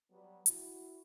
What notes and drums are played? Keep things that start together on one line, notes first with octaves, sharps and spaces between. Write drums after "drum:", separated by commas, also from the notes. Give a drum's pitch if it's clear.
F#3 G3 B3
E4 F#4, drum: hi-hat